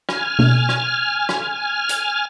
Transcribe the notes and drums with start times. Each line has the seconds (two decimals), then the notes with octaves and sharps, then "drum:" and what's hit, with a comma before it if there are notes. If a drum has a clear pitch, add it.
0.09 G#5 F6, drum: rim click
0.39 drum: tom B2
0.69 drum: rim click
1.29 drum: rim click
1.89 drum: hi-hat